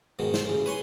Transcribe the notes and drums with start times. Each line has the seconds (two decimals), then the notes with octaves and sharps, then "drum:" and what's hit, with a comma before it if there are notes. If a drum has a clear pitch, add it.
0.19 G#2 B2 D#3
0.34 C5, drum: snare
0.46 A1 C#3
0.66 B4 C#5 G#5 C6